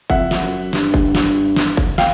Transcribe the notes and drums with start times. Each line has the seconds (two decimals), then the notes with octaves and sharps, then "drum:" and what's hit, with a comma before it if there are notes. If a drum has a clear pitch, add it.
0.10 F2 E5 F#5, drum: kick F#1
0.31 drum: snare
0.42 F#2
0.73 G2, drum: snare
0.94 drum: kick F#1
1.15 drum: snare
1.56 drum: snare
1.77 drum: kick F#1
1.98 F5 G5, drum: snare